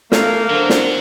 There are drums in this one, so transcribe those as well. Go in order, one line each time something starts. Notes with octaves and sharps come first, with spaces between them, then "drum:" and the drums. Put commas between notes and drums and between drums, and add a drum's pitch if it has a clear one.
A3 A#3 F5, drum: snare
D3 F#3 A#4 C5
drum: snare